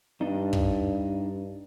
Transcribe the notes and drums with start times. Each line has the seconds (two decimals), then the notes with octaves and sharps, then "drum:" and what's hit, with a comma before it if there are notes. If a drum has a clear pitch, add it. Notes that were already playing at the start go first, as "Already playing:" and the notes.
0.21 G2 D4 D#4
0.53 drum: kick